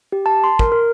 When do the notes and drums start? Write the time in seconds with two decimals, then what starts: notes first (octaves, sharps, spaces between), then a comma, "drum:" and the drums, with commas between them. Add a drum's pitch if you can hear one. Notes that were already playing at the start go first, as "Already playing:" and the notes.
0.12 G4
0.26 A5
0.44 C6
0.59 A#4, drum: kick
0.72 A#4